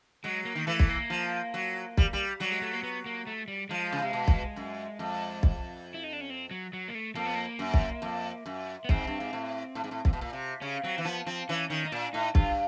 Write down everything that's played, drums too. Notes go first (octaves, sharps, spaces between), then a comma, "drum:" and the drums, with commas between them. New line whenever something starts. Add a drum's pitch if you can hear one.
F#3 G#3
A#3
D#3
E3 A3
A3, drum: kick
A#3
F3
F#3
G3, drum: kick
G3
F#3 G3
G#3
A3
A#3
B3
A#3
A3
G3
F3 G#3
C#3
C3
B2
drum: kick
F#2
F2
drum: kick
E4
D#4
D4
C#4
C4
F#3
F#3
A#3
A3
F2 A#3
B3
A#3
F#2
drum: kick
F2
F#2
B3
G#2 C4, drum: kick
G2
G#2
A2
A2
G#2
A2
A#2, drum: kick
B2
A#2
C3
C#3 C#4
F#3 C4
E3
F3 B3
F3 C4
E3 C#4
D#3 C#4
D#4
A#2 D4
A2 D#4
G2 F4, drum: kick